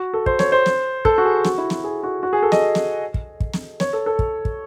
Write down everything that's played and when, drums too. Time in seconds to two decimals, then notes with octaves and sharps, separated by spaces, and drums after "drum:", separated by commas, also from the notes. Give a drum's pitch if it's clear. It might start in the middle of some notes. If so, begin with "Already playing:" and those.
Already playing: F#4
0.13 A4
0.26 C5, drum: kick
0.39 C#5, drum: snare
0.52 C5
0.66 drum: snare
1.05 A4, drum: kick
1.18 F#4
1.25 G#4
1.45 F#4, drum: snare
1.58 E4
1.70 F#4, drum: snare
1.84 G#4
2.03 F#4
2.23 F#4
2.33 G#4
2.43 A4
2.52 D#5, drum: snare
2.75 drum: snare
3.14 drum: kick
3.40 drum: kick
3.54 drum: snare
3.80 C#5, drum: snare
3.93 A4
4.06 A4
4.19 drum: kick
4.45 drum: kick